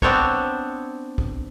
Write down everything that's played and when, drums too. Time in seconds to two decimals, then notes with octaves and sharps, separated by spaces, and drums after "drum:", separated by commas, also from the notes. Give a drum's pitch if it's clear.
0.02 B3 C4 D4 C#5, drum: kick
1.18 drum: kick